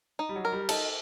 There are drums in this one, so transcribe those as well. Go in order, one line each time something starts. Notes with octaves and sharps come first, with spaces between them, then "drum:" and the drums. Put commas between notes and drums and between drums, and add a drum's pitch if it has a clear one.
D#4
G3
F#3
A#4
G3
D#4 A4, drum: cymbal